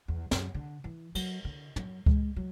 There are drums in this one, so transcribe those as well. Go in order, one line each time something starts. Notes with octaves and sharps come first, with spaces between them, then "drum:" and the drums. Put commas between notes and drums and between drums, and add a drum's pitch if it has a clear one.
E2
F#2, drum: snare
D3
E3
F#3, drum: cymbal
D3
F#3, drum: tom
G#3, drum: kick C#2
F#3